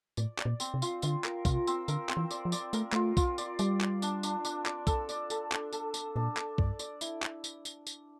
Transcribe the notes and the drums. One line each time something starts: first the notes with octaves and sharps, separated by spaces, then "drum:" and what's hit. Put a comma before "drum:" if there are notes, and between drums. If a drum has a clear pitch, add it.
A2 D5, drum: tambourine
D5, drum: clap
A#2
C4, drum: tambourine
C3
F4, drum: tambourine
D3 F4, drum: tambourine
A#4, drum: clap
C3 F4, drum: kick B1, tambourine
C4, drum: tambourine
D3 A#4, drum: tambourine
C4, drum: clap
E3
D5, drum: tambourine
F3
D5, drum: tambourine
A3 A#4, drum: tambourine
A3 F4, drum: clap
F4, drum: kick B1, tambourine
D5, drum: tambourine
G3 D5, drum: tambourine
D5, drum: clap
D4, drum: tambourine
D4, drum: tambourine
D4, drum: tambourine
D5, drum: clap
A4, drum: kick B1, tambourine
D5, drum: tambourine
A4, drum: tambourine
D4, drum: clap
A4, drum: tambourine
D4, drum: tambourine
A#2 D4
D4, drum: clap
G2 D5, drum: kick B1
D5, drum: tambourine
E4, drum: tambourine
drum: clap
drum: tambourine
drum: tambourine
drum: tambourine